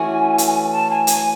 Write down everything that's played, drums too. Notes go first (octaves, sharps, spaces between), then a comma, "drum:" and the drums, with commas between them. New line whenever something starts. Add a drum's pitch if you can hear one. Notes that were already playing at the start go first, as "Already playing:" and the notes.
Already playing: E3 A3 C#4 F#4 G#5
drum: hi-hat
A5
G#5
G#5, drum: hi-hat